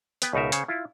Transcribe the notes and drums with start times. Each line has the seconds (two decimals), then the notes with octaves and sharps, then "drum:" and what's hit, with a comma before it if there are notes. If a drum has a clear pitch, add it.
0.22 B3 B4 G5, drum: hi-hat
0.33 C#2 B2 D#4 A#4 E5
0.52 C#3 C5 C#5, drum: hi-hat
0.68 E4 F4